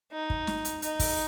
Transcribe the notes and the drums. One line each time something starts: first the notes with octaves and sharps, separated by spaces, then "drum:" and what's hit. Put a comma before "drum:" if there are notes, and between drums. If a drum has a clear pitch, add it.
D#4
drum: kick
drum: snare
drum: hi-hat
D#4, drum: hi-hat
drum: kick, open hi-hat